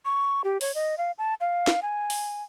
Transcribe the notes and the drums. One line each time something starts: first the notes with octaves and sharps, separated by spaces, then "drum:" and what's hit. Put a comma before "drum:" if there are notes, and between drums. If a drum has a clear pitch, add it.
C#6
G4
C#5, drum: open hi-hat
D#5
F5
A5
F5
drum: snare
G#5
drum: open hi-hat